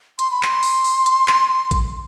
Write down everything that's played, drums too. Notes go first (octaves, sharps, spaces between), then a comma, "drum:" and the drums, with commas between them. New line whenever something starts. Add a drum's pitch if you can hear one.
C6, drum: hi-hat
B5
C6, drum: clap
drum: open hi-hat
drum: open hi-hat
drum: hi-hat
drum: clap
drum: kick A1, hi-hat